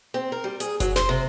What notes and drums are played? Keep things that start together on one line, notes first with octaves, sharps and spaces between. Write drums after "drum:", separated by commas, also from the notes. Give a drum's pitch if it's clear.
C4
A#4
G3
G#4, drum: hi-hat
F#3, drum: kick F#1, hi-hat
C5, drum: snare
C3